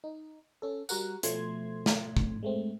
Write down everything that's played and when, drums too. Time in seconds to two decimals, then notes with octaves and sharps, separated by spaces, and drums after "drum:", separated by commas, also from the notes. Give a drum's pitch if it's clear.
0.04 D#4
0.62 C#4 A4
0.89 G3 F#4 A#4 F#5, drum: tambourine
1.23 B2 F3 A3 C6 G#6, drum: hi-hat
1.86 drum: snare
2.17 drum: kick
2.43 G#3 A3 C4